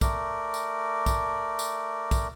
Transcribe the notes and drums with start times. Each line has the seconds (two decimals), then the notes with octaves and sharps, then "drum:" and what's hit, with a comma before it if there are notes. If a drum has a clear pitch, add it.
0.01 A3 A#4 D5, drum: kick, tambourine
0.54 drum: tambourine
1.06 drum: kick, tambourine
1.59 drum: tambourine
2.11 drum: kick, tambourine